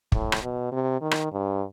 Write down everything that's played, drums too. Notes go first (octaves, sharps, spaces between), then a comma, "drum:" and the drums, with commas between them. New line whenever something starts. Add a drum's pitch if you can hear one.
A2, drum: kick
drum: rim click
B2
C3
D#3
drum: rim click
G2